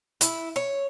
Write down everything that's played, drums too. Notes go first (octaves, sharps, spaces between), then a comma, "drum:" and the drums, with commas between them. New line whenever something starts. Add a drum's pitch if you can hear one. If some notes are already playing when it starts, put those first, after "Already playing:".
E4, drum: hi-hat
C#5